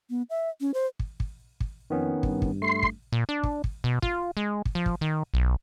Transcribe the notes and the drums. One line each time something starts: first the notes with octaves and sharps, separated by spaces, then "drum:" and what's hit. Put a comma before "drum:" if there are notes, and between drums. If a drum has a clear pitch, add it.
B3
E5
C#4
C5
drum: kick
drum: kick
drum: kick
F2 D#3 B3 C#4
G2, drum: kick
drum: kick
A3 C6
drum: kick
A#2
D4
drum: kick
drum: kick
B2
F4, drum: kick
G#3
drum: kick
F3
drum: kick
D#3
B1